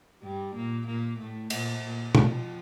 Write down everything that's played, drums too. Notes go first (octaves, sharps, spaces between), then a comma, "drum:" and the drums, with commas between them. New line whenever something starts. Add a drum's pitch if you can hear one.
G2 G3
A#2 A#3
A#2 A#3
A2 A3
A#2 A#3, drum: cymbal
A#2 A#3
F2 F3, drum: tom B2